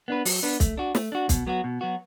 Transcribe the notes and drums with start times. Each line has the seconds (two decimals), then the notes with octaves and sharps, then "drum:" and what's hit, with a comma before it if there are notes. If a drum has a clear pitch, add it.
0.08 B3 D4 B4
0.25 F#3, drum: open hi-hat
0.43 B3 D4 B4
0.60 A3, drum: kick, hi-hat
0.78 D4 F#4
0.95 A3, drum: snare
1.12 D4 F#4
1.29 B2, drum: kick, hi-hat
1.47 F#3 B3 F#4
1.64 B2
1.81 F#3 B3 F#4